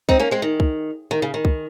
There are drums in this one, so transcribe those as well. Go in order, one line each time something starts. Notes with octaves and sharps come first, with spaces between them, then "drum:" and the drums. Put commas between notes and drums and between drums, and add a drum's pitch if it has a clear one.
C4 D#4, drum: kick C2
A#3 C#4
G#3 C4
D#3
drum: kick C2
D#3
C#3
D#3
drum: kick C2